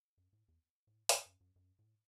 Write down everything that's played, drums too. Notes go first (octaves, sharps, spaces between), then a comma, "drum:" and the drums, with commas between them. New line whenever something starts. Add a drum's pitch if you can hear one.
F#2
A2
E2
A2
A2, drum: open hi-hat
F#2
F#2
F#2
A2